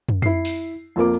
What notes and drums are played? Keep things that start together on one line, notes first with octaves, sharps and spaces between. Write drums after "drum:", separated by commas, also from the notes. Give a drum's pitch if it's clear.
drum: tom
E4 C7, drum: tom
drum: open hi-hat
A#1 F2 A#3 D6